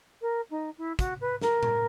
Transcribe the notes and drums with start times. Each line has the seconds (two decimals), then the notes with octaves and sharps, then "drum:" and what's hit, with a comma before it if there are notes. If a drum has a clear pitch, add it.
0.21 A#4
0.50 D#4
0.78 E4
0.99 F#4, drum: kick, hi-hat
1.21 B4
1.41 A#4, drum: snare
1.63 drum: tom A2